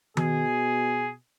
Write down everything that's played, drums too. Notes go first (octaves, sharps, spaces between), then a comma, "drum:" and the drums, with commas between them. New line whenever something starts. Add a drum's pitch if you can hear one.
B2 G#4, drum: tom D#3